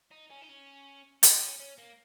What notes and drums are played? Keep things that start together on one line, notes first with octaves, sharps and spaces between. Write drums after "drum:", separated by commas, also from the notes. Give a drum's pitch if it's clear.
D#4
C#4
D#4
C#4
D#4, drum: hi-hat
C#4
C#4
A#3